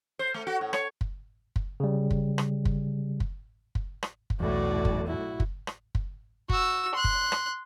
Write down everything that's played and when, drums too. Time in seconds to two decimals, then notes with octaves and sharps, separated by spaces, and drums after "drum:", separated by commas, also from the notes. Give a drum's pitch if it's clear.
0.19 C5
0.34 A3
0.47 F#4
0.61 A2
0.73 C#5, drum: rim click
1.01 drum: kick
1.56 drum: kick
1.80 C#3 G3
2.11 drum: kick
2.38 drum: rim click
2.65 drum: kick
3.20 drum: kick
3.75 drum: kick
4.03 drum: rim click
4.30 drum: kick
4.40 B1 E2 A2 F#4 D5
4.85 drum: kick
5.06 E4 F#4
5.40 drum: kick
5.67 drum: rim click
5.95 drum: kick
6.49 F#4 E6, drum: kick
6.95 C6 F#6
7.04 drum: kick
7.32 drum: rim click